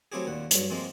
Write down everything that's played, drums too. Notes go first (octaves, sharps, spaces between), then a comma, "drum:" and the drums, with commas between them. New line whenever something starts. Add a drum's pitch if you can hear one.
F#3 A3 C4 E4 G4 G#4
D#2 A#2 F#5
G2 F#3, drum: hi-hat
F2 F3 G#3 A#3 C4